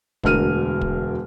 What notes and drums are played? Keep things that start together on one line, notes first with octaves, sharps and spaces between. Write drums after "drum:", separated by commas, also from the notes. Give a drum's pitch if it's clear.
E1 D2 D4 A#4 F6 D#7, drum: kick
drum: kick